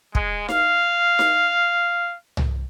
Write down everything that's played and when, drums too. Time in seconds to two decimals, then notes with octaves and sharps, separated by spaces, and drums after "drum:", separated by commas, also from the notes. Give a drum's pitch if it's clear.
0.15 G#3, drum: kick
0.48 F5, drum: snare D#4
1.19 drum: snare D#4
2.37 drum: tom C2